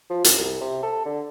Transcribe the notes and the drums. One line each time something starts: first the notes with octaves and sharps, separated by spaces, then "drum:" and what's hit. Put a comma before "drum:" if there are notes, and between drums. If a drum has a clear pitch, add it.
F3
F#2, drum: hi-hat
C2
C3
A4
D3